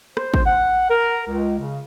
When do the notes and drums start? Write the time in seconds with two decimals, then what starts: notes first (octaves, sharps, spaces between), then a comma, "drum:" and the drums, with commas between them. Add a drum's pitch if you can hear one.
0.17 C5, drum: rim click
0.34 C5, drum: kick
0.46 F#5
0.90 A#4
1.28 C#2
1.59 C#3